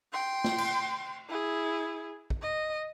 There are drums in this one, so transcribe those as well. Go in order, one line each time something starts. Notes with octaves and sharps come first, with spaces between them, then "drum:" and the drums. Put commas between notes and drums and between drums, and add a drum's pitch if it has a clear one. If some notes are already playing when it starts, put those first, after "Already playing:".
G5 C6
drum: snare
drum: cymbal
E4 G#4
drum: kick
D#5